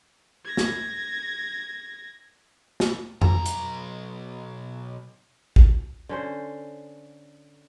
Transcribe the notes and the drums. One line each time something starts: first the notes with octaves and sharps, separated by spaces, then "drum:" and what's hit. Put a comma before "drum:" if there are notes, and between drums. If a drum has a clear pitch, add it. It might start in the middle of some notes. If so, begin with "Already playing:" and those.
G#6 A#6
drum: snare
drum: snare
B1 A#5, drum: tom F2
drum: hi-hat
drum: kick
D3 C#4 C5